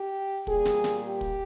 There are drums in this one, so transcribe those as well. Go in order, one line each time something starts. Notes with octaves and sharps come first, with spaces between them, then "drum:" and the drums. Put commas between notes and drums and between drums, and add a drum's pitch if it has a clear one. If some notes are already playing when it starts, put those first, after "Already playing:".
Already playing: G4
A#2 G3 G#4, drum: kick
drum: snare
drum: snare
G4
drum: kick